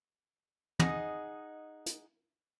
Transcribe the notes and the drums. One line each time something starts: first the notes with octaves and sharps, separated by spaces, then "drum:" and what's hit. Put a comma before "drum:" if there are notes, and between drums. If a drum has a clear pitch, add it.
D#4 G#4 D#5 F#5, drum: tom
drum: hi-hat